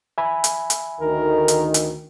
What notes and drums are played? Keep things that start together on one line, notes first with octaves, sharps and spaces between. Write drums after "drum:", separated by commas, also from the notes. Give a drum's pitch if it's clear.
E5 G#5 B5
drum: hi-hat
drum: hi-hat
D2 D#3 A#4
drum: hi-hat
drum: hi-hat